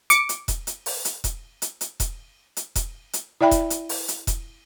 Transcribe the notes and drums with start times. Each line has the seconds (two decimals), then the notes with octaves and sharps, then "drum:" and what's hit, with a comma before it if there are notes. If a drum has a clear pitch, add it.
0.10 D6 C#7, drum: hi-hat
0.29 drum: hi-hat
0.48 drum: kick E1, hi-hat
0.67 drum: hi-hat
0.86 drum: open hi-hat
1.05 drum: hi-hat
1.24 drum: kick E1, hi-hat
1.62 drum: hi-hat
1.81 drum: hi-hat
2.00 drum: kick E1, hi-hat
2.57 drum: hi-hat
2.75 drum: kick E1, hi-hat
3.13 drum: hi-hat
3.41 E4 D5 E5 G5 B5
3.51 drum: kick E1, hi-hat
3.70 drum: hi-hat
3.89 drum: open hi-hat
4.08 drum: hi-hat
4.27 drum: kick E1, hi-hat